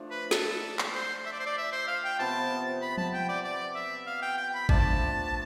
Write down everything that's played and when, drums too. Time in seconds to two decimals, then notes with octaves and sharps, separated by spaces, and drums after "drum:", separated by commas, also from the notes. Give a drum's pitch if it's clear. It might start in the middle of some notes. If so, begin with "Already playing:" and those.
Already playing: F3 A3 D4
0.11 B4
0.31 A4, drum: snare
0.79 drum: clap
0.94 C5
1.25 E5
1.32 D5
1.40 C5
1.46 D5
1.57 E5
1.72 C5
1.88 F5
2.04 G5
2.19 C3 F3 B3 A5
2.82 B5
2.98 A5, drum: tom F3
3.13 G5
3.29 D5
3.45 D5
3.75 E5
4.06 F5
4.22 G5
4.38 G5
4.54 B5
4.69 F3 A3 D4 A5, drum: kick A1